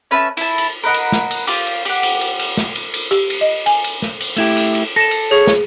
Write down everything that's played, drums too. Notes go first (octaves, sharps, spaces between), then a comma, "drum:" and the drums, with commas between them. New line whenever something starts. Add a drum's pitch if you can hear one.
C#4 B4 E5 A5
E4 A5, drum: cymbal
drum: cymbal
A#4 B4 D#5 F#5
drum: cymbal
drum: snare
drum: cymbal
F4 G4 D6, drum: cymbal
drum: cymbal
G4 F#5, drum: cymbal
drum: cymbal
drum: cymbal
drum: cymbal
drum: snare
drum: cymbal
drum: cymbal
G4, drum: cymbal
drum: cymbal
D#5
G#5, drum: cymbal
drum: cymbal
drum: snare
drum: cymbal
A3 E4 G4, drum: cymbal
drum: cymbal
drum: cymbal
A4 A#6 E7
drum: cymbal
G#4 C#5
drum: snare